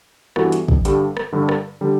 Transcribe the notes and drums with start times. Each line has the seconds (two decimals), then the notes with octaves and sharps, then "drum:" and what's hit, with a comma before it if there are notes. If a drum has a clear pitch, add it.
0.36 G2 E3 B3 F#4 A4, drum: rim click
0.52 drum: hi-hat
0.68 drum: kick
0.85 G2 D3 G3, drum: hi-hat
1.17 drum: rim click
1.32 G2 D3 G3
1.49 drum: rim click
1.81 D3 G3